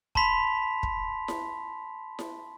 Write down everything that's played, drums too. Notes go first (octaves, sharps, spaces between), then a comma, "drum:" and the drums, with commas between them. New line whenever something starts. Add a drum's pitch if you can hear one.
A5 B5 C6 B6 F7, drum: kick
drum: kick
drum: snare E4
drum: snare E4